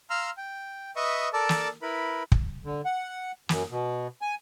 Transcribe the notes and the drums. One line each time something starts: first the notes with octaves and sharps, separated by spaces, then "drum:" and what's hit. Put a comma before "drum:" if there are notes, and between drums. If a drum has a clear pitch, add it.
F5 A#5 C6 E6 F6
G5
B4 D#5 E5 C#6 D#6
A4 A#4 D5 A5 D6 E6
drum: snare
E4 A#4 B4 B5
drum: kick
D3
F#5
F#2, drum: snare
B2
G#5